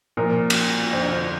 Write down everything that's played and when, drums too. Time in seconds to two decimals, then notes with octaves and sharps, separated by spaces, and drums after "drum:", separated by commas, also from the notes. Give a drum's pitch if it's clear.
0.17 A#2 F3 A#4
0.50 drum: cymbal
0.93 F2 D3 F3 C5
1.13 C5